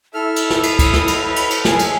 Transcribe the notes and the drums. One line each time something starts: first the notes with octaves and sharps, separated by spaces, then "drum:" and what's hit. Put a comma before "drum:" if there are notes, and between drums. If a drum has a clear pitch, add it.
E4 A4 E5 F6
drum: cymbal
drum: snare
D#6, drum: cymbal
drum: kick, cymbal
drum: snare
drum: cymbal
B4
drum: cymbal
drum: cymbal
G#4, drum: snare
drum: cymbal